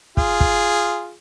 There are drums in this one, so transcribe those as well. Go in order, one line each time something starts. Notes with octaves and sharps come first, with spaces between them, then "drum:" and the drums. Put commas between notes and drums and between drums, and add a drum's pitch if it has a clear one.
F4 G#4, drum: kick
drum: kick